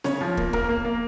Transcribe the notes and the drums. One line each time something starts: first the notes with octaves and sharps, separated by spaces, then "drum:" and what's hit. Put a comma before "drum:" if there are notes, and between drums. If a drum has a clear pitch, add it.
C#3 C#5, drum: snare C4
F3
A#3, drum: kick
A#3 A#4, drum: kick
A#3
A#3